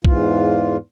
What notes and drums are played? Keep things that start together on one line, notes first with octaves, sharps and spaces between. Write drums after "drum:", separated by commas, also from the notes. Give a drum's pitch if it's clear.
E2 G#2 E3 F4, drum: kick